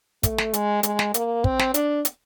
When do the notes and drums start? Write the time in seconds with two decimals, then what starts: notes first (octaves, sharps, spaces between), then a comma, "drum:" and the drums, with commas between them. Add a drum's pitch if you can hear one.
0.23 A3, drum: kick, hi-hat
0.38 drum: snare
0.53 G#3, drum: hi-hat
0.83 G#3, drum: hi-hat
0.99 drum: snare
1.14 A#3, drum: hi-hat
1.44 C4, drum: kick
1.59 drum: snare
1.74 D4, drum: hi-hat
2.05 drum: hi-hat